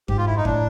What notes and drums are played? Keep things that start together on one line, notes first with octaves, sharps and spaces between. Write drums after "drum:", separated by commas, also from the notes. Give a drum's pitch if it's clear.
G#2 G4, drum: kick F2
F4
E4
D#4
A2 D4, drum: kick F2